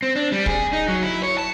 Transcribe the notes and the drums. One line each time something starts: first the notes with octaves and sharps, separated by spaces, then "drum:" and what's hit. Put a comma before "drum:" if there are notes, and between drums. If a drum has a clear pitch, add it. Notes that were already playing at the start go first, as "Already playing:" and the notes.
C4
D4
G3
G#4, drum: kick
D#4
F#3
E4
C#5
A5